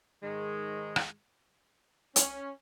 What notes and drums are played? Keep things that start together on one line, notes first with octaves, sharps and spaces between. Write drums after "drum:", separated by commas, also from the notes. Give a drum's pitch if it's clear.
G#2 D#3 G#3
drum: rim click
C#4, drum: hi-hat